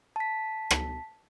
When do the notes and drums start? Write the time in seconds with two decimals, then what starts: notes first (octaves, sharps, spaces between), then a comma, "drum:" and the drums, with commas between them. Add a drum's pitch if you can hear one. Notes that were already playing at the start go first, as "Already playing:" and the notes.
0.16 A5 B6
0.71 drum: rim click